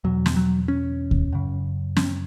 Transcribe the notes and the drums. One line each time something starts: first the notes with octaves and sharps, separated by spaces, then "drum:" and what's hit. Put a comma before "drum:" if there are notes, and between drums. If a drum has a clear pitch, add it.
E2 B2 F#3
drum: snare
F#3
C#4
drum: kick D2
F#2 C#3
C#4, drum: snare